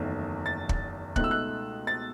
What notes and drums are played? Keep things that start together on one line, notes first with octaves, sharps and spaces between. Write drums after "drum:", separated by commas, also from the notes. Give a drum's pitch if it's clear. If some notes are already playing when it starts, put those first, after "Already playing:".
Already playing: F#1 E2 D#3 A3
A6
drum: kick
C#2 B2 A3 D#4 F#6, drum: kick
E6
F#6
A6